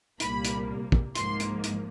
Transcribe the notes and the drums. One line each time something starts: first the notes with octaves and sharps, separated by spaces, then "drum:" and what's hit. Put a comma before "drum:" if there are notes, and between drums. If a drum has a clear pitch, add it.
C2 A#2 G3 A#3 B5, drum: hi-hat
drum: hi-hat
drum: kick
G#1 G#2 F3 A#3 C6, drum: hi-hat
drum: hi-hat
drum: hi-hat